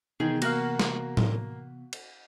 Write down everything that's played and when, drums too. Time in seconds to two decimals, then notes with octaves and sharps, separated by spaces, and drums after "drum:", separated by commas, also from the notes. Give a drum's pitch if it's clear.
0.20 C3 D#3 E3 B3 G#4
0.42 A#3 F#4 F5, drum: cymbal
0.79 drum: snare
1.17 drum: tom A2
1.93 drum: cymbal